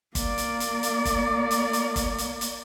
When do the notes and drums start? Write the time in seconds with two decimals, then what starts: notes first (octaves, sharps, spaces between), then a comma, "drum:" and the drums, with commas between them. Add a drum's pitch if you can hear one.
0.15 A#3 D5, drum: kick, hi-hat
0.38 drum: hi-hat
0.60 drum: hi-hat
0.83 drum: hi-hat
1.05 drum: kick, hi-hat
1.51 drum: hi-hat
1.73 drum: hi-hat
1.96 drum: kick, hi-hat
2.18 drum: hi-hat
2.41 drum: hi-hat